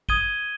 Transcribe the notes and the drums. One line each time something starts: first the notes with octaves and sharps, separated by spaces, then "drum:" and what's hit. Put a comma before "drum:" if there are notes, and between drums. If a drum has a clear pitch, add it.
D#6 G#6 D#7 G7, drum: kick